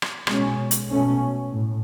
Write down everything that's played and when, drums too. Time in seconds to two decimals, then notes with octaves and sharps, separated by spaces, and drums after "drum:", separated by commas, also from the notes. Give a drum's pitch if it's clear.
0.02 drum: rim click
0.27 B2 G#3 C#4, drum: rim click
0.71 drum: hi-hat
0.90 B2 A3 C#4
1.52 A2